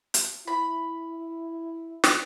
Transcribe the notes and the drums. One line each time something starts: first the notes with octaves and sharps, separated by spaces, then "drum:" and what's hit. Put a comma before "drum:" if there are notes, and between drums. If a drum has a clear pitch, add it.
drum: hi-hat
E4 B5
drum: snare